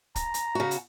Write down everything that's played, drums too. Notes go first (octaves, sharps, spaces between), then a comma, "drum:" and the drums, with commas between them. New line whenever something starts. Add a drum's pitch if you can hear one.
A#5, drum: kick, hi-hat
drum: hi-hat
C#3 F#4
drum: hi-hat